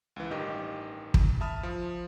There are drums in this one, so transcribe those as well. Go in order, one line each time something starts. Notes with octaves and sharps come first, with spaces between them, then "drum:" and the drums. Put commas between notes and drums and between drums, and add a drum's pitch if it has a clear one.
C#2 E3
A1 G2 D#3 G4 D#5
drum: kick
E5 A5 B5 D#6 F6
F3